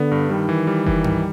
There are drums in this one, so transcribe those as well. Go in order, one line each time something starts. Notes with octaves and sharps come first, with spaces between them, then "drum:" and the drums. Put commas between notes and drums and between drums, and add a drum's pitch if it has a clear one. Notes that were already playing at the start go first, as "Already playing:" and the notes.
Already playing: D3 B3
G2
D#3 G3
E3
G3
E3, drum: kick F#1
G3, drum: tom G2